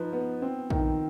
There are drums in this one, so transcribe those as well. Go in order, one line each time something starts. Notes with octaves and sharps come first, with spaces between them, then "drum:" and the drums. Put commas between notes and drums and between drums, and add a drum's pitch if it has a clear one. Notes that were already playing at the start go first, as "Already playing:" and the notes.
Already playing: F3 D#4 B4
B3
C4
D#3, drum: kick A#1